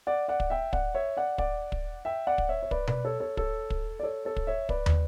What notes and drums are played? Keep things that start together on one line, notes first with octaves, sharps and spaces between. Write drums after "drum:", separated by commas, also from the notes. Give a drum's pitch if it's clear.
D5 F#5
D5 F#5
drum: kick
E5 G5
D5 F#5, drum: kick
C#5 E5
D5 F#5
D5 F#5, drum: kick
drum: kick
E5 G5
D5 F#5
drum: kick
C#5 E5
C#5
B4 D5, drum: kick
B4 D5, drum: tom B2
A4 C#5
A4 C#5
A4 C#5, drum: kick
drum: kick
D5
A4 C#5
A4 C#5
drum: kick
C#5 E5
B4 D5, drum: kick
drum: tom